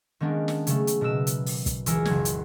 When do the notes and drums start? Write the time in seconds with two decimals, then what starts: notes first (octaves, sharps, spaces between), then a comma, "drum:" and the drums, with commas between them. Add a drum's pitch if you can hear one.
0.20 D#3 G#3 A#3 B3 C#4 D4
0.48 drum: snare
0.67 C#3 F#3 A3, drum: hi-hat
0.87 drum: hi-hat
1.01 B2 A#4 B4 E6 E7
1.27 drum: hi-hat
1.46 drum: open hi-hat
1.66 drum: kick, hi-hat
1.86 C#2 E3 A#4 G#5 E6 C#7, drum: hi-hat
2.05 F#1 F#3 G#6, drum: snare
2.25 drum: hi-hat